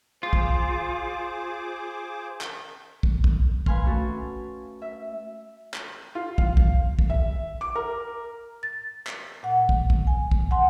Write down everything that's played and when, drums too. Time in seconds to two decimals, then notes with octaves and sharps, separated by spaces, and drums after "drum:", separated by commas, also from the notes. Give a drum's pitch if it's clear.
0.23 F4 G#4 C5 D6
0.33 drum: kick
2.41 drum: clap
3.03 drum: kick
3.24 drum: kick
3.66 B4 F5 G#5 C6 F6, drum: kick
3.85 A3 C#4 F#4 A4
4.82 E5
5.74 drum: clap
6.15 F4
6.38 F5, drum: kick
6.57 drum: kick
6.99 drum: kick
7.10 E5
7.61 D6
7.75 A#4
8.63 A6
9.07 drum: clap
9.43 A#2 F#5
9.69 drum: kick
9.90 drum: kick
10.07 G#5
10.31 drum: kick
10.51 F#5 G#5 C6